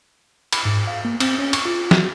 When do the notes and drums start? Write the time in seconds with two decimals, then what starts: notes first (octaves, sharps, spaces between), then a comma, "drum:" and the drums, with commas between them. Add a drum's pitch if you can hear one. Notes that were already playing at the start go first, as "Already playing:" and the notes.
0.52 B5, drum: cymbal
0.65 G#2
0.87 F5
1.05 A#3
1.20 C4, drum: cymbal
1.39 C#4
1.53 C#6, drum: cymbal
1.65 F4
1.91 F#4, drum: snare